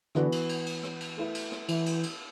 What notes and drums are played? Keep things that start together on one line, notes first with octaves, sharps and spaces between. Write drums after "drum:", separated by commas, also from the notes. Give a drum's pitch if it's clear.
D3 E3 B3 F#4 B4, drum: rim click
drum: cymbal
drum: cymbal
drum: cymbal
drum: rim click
drum: cymbal
A3 E4 B4
drum: cymbal
drum: rim click
E3, drum: cymbal
drum: cymbal
drum: cymbal